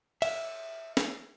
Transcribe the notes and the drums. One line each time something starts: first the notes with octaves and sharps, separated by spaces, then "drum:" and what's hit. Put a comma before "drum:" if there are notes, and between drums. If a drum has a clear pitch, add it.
E5, drum: cymbal
drum: snare